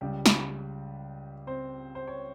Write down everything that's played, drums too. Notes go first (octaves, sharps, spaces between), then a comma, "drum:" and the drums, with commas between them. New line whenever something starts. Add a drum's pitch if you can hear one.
C#2 C#3 G3 G4
drum: snare
C4 C5
C5
C#5